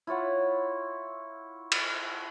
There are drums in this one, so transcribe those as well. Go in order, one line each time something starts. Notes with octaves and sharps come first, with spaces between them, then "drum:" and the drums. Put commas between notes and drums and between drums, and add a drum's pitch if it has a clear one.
E4 F4 C#5 F#5
drum: cymbal